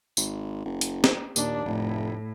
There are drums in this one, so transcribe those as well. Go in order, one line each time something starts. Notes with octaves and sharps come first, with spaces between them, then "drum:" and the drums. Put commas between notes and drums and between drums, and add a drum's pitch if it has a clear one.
G#1, drum: tambourine
F#1
drum: hi-hat
drum: snare
D#2 A#2 D4, drum: tambourine
F1 A2